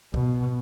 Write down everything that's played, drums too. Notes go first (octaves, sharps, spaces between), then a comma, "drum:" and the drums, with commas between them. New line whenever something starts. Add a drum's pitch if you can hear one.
B2, drum: kick